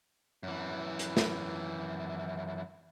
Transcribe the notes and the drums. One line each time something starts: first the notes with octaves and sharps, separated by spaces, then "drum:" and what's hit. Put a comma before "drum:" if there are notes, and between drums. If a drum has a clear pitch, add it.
F#2 E3
drum: hi-hat
drum: snare